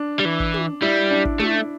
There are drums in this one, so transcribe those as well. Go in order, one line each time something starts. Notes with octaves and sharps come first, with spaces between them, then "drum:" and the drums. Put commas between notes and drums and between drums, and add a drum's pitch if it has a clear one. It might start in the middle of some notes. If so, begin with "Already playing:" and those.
Already playing: D4
G3
E3
drum: kick
drum: tom
G3 E4
D4
drum: kick
A3, drum: tom